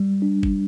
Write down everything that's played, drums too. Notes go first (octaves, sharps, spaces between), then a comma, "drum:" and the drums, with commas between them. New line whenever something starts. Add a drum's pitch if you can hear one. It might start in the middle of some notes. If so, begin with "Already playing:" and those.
Already playing: G3
D4
drum: kick G1